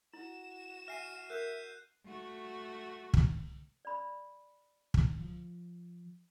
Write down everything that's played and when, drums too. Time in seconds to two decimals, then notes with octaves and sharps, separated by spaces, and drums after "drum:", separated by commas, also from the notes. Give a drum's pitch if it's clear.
0.13 E4 F#4 E7
0.88 E5 G#5 F6 C7 D#7
1.30 A#4 E5 F#6 G6 C7
2.05 A3 F#4
3.14 drum: kick
3.85 D5 B5
4.94 drum: kick
5.19 F3